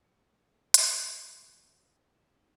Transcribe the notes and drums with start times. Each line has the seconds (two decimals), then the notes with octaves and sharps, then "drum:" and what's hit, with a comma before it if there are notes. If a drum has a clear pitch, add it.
0.04 A3
0.29 D#5
0.46 G#4
0.74 F5, drum: hi-hat
1.07 G4
1.27 E5
1.47 D#5
1.70 C5
1.95 G5
2.15 C4
2.34 D#4